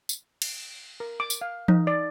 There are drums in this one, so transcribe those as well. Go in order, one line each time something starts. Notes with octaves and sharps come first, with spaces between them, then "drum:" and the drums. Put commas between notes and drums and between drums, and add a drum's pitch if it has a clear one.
drum: tambourine
drum: cymbal
A#4
D6
drum: tambourine
F5
D#4, drum: tom E3
D5